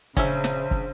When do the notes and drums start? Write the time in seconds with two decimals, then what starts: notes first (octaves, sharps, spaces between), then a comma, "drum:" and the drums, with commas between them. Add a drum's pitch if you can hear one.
0.17 A#1 C#3 C#4 C5 E5, drum: kick
0.44 drum: snare
0.71 drum: kick